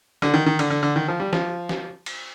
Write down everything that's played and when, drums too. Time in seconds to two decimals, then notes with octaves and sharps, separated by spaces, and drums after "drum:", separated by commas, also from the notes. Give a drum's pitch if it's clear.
0.22 D3, drum: snare
0.34 D#3
0.46 D#3
0.59 D3, drum: cymbal
0.70 D3
0.83 D3
0.96 D#3
1.08 F3
1.20 G3
1.33 F3, drum: snare
1.69 drum: snare
2.06 drum: cymbal